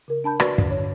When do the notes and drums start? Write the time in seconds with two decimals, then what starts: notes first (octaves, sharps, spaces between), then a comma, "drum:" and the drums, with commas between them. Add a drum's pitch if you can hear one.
0.08 C#3 A#4
0.24 D4 A5 B5 G6
0.40 F#4 B4 D5 B5 C#6, drum: rim click
0.58 E2 G2 D3, drum: kick
0.70 C#5